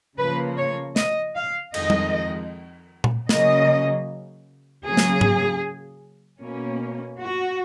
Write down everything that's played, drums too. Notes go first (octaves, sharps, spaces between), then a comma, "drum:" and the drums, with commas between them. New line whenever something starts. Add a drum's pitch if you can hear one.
C#3 F3 A#3 B4
C#5
D#5, drum: snare
F5
F2 D#3 G#3 D#5, drum: cymbal
drum: tom G3
drum: tom A#2
C#3 F#3 A#3 C#4 D#5, drum: snare
C#3 F#3 A#3 C#4 G#4
drum: snare
drum: tom G#2
B2 A#3 C#4
F#4